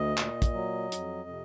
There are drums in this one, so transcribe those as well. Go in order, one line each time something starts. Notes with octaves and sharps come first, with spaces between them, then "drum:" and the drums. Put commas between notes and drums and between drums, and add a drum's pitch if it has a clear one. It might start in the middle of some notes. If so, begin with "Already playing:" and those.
Already playing: D2 D#5
A#2, drum: clap
drum: kick, hi-hat
F#3
F2, drum: hi-hat
C3